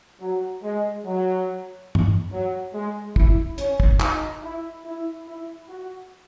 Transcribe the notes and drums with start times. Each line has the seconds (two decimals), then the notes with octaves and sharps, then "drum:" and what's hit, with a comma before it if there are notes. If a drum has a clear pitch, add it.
0.20 F#3
0.62 G#3
1.05 F#3
1.95 drum: tom
2.32 F#3
2.73 G#3
3.16 E4, drum: kick
3.58 C#4, drum: hi-hat
3.80 drum: kick
4.00 D#4, drum: clap
4.43 E4
4.85 E4
5.26 E4
5.69 F#4